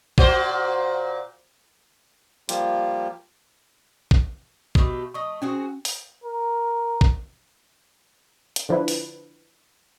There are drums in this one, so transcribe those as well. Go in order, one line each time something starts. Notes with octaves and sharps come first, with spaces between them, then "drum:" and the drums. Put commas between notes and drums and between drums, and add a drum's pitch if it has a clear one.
A#2 F#4 C5, drum: kick A#1
F3 G3 A#3 F4 G4, drum: hi-hat
drum: kick A#1
B2 A3 G4, drum: kick A#1
A3 D#5 C#6
C4 C#4 F#4 G#4
drum: open hi-hat
A#4
drum: kick A#1
drum: hi-hat
D3 F3 D4 E4 B4
drum: open hi-hat